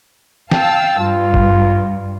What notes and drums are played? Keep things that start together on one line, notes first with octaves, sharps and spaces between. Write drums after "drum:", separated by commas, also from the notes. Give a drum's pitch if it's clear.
F5 G5 A5 E6, drum: snare
G2 F4
drum: kick